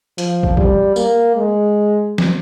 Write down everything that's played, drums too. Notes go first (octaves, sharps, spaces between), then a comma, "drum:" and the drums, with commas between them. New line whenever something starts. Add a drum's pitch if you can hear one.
F3, drum: hi-hat
drum: kick
G3, drum: kick
A#3, drum: tambourine
G#3
drum: snare